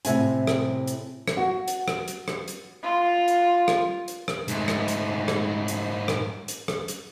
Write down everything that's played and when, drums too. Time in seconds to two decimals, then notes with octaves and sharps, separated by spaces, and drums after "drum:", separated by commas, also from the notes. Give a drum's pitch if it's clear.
0.05 A2 C3 G#5, drum: hi-hat
0.47 drum: rim click
0.87 drum: hi-hat
1.28 drum: rim click
1.37 F#4
1.68 drum: hi-hat
1.88 drum: rim click
2.08 drum: hi-hat
2.28 drum: rim click
2.48 drum: hi-hat
2.83 F4
3.28 drum: hi-hat
3.68 drum: rim click
4.08 drum: hi-hat
4.28 drum: rim click
4.48 G#2 A3, drum: hi-hat
4.68 drum: rim click
4.88 drum: hi-hat
5.28 drum: rim click
5.68 drum: hi-hat
6.08 drum: rim click
6.48 drum: hi-hat
6.68 drum: rim click
6.88 drum: hi-hat